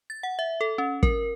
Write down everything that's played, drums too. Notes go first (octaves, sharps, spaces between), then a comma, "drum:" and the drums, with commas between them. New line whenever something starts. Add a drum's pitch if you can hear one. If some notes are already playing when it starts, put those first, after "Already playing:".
A6
F#5
E5
A4
C#4
A#4, drum: kick